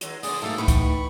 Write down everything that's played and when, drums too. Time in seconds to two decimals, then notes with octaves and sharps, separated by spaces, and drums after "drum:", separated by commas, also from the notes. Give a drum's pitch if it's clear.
0.01 D#3 F#3 G#3, drum: hi-hat
0.23 F2 D3 B3 G#4 D5, drum: open hi-hat
0.42 G#2 F#3 A#3 A4 E5 A5
0.58 A2 B3 D#4 G4 B5 C#6
0.68 drum: kick, hi-hat